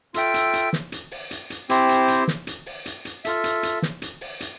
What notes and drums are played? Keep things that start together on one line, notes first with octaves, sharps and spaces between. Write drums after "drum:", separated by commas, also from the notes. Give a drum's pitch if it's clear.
F4 A4 E5 G5, drum: hi-hat
drum: hi-hat
drum: hi-hat
drum: snare
drum: hi-hat
drum: open hi-hat
drum: hi-hat
drum: hi-hat
C4 E4 G4 C5, drum: hi-hat
drum: hi-hat
drum: hi-hat
drum: snare
drum: hi-hat
drum: open hi-hat
drum: hi-hat
drum: hi-hat
F4 A4 E5, drum: hi-hat
drum: hi-hat
drum: hi-hat
drum: snare
drum: hi-hat
drum: open hi-hat
drum: hi-hat